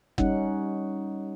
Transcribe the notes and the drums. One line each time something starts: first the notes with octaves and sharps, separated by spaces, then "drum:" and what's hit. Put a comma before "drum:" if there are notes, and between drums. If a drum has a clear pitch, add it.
G3 C#4 D#4 F#5, drum: kick